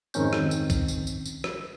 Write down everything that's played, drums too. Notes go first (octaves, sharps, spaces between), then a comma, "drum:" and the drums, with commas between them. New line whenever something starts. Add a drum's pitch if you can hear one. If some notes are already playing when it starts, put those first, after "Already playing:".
F2 G#2 D#3 C4 C#4 G6, drum: tambourine
drum: rim click
drum: tambourine
drum: kick, tambourine
drum: tambourine
drum: tambourine
drum: tambourine
drum: rim click